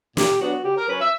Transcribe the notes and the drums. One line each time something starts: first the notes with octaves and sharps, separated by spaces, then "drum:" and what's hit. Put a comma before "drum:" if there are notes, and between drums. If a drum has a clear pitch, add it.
A#2 G4, drum: snare
F#3 B3 D4 F#4
C#3 G4
A#4
F#3 C#4 B4
E5